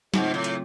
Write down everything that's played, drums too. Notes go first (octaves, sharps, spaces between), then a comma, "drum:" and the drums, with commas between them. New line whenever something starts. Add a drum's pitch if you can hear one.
G#2 C#3 F#3 A3 C4 F4, drum: snare
A2
drum: hi-hat